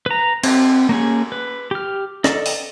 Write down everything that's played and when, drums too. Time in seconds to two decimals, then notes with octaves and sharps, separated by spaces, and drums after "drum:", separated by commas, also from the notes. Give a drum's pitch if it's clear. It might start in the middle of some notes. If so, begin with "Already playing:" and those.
0.06 B4 A#5
0.43 C4, drum: cymbal
0.89 A#3 C#4 G#4
1.32 B4
1.71 G4 F6
2.24 A4 D5 D#5, drum: snare
2.46 drum: open hi-hat